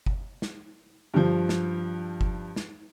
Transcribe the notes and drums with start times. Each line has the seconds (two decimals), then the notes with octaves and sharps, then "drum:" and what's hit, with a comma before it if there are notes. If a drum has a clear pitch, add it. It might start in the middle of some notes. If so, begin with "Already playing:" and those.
0.06 drum: kick F#1
0.42 drum: snare
1.14 G2 F3
1.49 drum: snare
2.21 drum: kick F#1
2.56 drum: snare